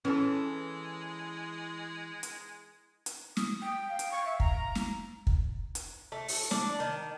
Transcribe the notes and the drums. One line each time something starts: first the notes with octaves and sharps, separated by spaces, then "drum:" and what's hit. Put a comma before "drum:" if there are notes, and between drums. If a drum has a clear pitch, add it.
E3 G#3 C#4 A4
drum: hi-hat
drum: hi-hat
D#6, drum: snare
G5
F5
drum: hi-hat
C#6
E5
A#5, drum: kick
drum: snare
drum: kick
drum: hi-hat
A3
drum: open hi-hat
D4, drum: snare
D#3